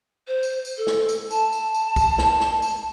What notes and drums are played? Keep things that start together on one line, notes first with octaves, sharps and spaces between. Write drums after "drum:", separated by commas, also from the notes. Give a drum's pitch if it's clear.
C5
drum: tambourine
drum: tambourine
A4
drum: snare
drum: tambourine
A5, drum: tambourine
drum: tambourine
drum: tambourine
drum: kick, tambourine
drum: snare
drum: snare
drum: tambourine